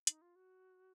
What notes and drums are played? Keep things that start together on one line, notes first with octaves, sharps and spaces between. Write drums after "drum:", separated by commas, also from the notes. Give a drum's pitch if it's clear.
D#4, drum: hi-hat
F4
F#4